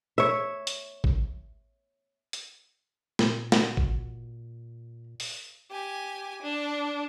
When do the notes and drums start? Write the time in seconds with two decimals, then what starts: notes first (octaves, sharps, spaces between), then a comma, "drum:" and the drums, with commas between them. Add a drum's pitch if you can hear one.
0.18 C#5 E5
0.67 drum: hi-hat
1.04 drum: kick A1
2.33 drum: hi-hat
3.19 A#2, drum: snare
3.52 F#4, drum: snare
3.77 drum: kick A1
5.20 drum: open hi-hat
5.71 G4 G#5
6.42 D4